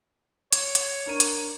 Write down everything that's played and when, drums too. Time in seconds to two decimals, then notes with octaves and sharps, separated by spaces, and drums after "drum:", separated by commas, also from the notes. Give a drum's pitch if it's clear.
0.53 C#5, drum: hi-hat
0.75 drum: hi-hat
1.06 D4 A#4 D#7
1.20 drum: hi-hat